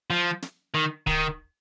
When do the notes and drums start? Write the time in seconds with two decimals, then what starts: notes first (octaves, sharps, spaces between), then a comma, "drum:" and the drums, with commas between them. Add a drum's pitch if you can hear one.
0.10 F3
0.42 drum: snare
0.75 D#3
1.07 D#3, drum: kick D1